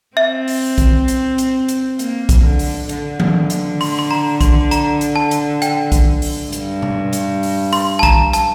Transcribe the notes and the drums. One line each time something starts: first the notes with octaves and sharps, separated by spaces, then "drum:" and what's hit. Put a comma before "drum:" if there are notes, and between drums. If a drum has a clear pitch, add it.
C4 E5
drum: open hi-hat
drum: kick B1, hi-hat
drum: hi-hat
drum: hi-hat
drum: hi-hat
A#3, drum: hi-hat
drum: kick B1, hi-hat
D3
drum: open hi-hat
D3, drum: hi-hat
drum: tom D#3
drum: hi-hat
C6, drum: open hi-hat
C6
A#5
C6, drum: kick B1, hi-hat
A#5, drum: hi-hat
drum: hi-hat
A5
drum: hi-hat
G5, drum: hi-hat
drum: kick B1, hi-hat
drum: open hi-hat
G2, drum: hi-hat
drum: tom B2
drum: hi-hat
drum: open hi-hat
C6, drum: open hi-hat
A5
A#5, drum: kick B1, hi-hat
A5, drum: hi-hat